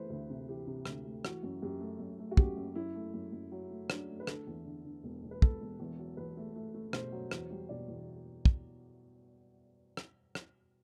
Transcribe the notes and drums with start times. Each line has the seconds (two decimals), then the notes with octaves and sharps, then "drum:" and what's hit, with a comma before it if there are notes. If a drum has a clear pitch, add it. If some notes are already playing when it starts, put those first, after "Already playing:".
Already playing: E3 A3 B4 C5
0.10 D2
0.30 C3
0.48 E3 G4
0.67 C3
0.86 D2, drum: rim click
1.05 A3
1.25 E3 F#4, drum: rim click
1.43 F#2
1.62 F#2 G4
1.80 A3
2.00 F#2
2.19 A3
2.31 F#4
2.37 F#2 G4, drum: kick
2.57 F#2
2.75 F#2 E4
2.95 A3
3.14 F#2
3.33 F#2
3.52 F#3
3.70 A3
3.90 F#3 D4, drum: rim click
4.09 A3
4.20 B4
4.27 D3 A4, drum: rim click
4.47 E2
4.65 D3
4.85 D3
5.04 E1
5.23 E1
5.31 B4
5.42 E1 A4, drum: kick
5.61 E1
5.80 E2
5.99 F#3
6.17 E2 B4
6.37 A3
6.56 A3
6.74 A3
6.93 B2 C5, drum: rim click
7.12 F#3
7.31 E2, drum: rim click
7.50 G3
7.69 B2 D5
7.88 E2
8.45 drum: kick
9.97 drum: rim click
10.35 drum: rim click